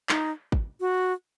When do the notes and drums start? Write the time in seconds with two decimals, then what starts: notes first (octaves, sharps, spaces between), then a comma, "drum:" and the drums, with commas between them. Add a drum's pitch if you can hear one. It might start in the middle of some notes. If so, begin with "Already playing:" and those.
0.09 D#4, drum: clap
0.52 drum: kick
0.80 F#4